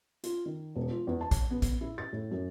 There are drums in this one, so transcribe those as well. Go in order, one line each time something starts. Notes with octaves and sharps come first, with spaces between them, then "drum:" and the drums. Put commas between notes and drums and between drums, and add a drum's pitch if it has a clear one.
F4, drum: hi-hat
D#3
E1
F4
E2
A5
drum: kick A#1, hi-hat
B3
drum: kick A#1, hi-hat
E4
A6
A2
F#2